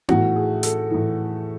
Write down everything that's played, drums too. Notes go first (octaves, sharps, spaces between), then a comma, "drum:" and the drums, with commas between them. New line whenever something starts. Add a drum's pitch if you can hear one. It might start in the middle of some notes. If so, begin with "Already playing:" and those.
A2 E3 F#4, drum: tom B3
G#4
A4, drum: hi-hat
A2 E3